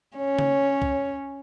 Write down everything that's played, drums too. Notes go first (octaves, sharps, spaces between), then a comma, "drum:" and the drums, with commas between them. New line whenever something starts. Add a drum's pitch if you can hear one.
C#4 C#5
drum: tom C#3
drum: kick